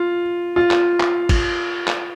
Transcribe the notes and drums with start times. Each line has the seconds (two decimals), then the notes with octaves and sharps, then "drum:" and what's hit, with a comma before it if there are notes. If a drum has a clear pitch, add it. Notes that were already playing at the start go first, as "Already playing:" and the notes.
Already playing: F4
0.56 F4
0.71 drum: clap
1.00 drum: clap
1.29 drum: kick A1, cymbal
1.88 drum: clap